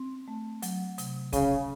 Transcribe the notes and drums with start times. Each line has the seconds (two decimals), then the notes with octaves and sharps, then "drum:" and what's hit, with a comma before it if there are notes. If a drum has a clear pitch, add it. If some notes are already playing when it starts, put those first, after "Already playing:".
Already playing: C4
0.28 A3
0.62 F#3, drum: hi-hat
0.98 C3, drum: hi-hat
1.33 C#3 C#4, drum: kick, hi-hat